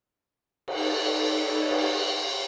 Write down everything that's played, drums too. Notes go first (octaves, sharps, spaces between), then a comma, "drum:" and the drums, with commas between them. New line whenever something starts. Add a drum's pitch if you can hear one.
D#4 A4 B4 C#5 D5, drum: cymbal
drum: cymbal